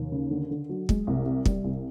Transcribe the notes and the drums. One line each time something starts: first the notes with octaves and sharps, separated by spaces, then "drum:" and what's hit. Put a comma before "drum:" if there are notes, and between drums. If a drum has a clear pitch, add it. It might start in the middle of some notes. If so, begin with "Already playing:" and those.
Already playing: D#2
C#3
D3
D3
F#3
G#3, drum: kick
C2
C3
G3, drum: kick
C2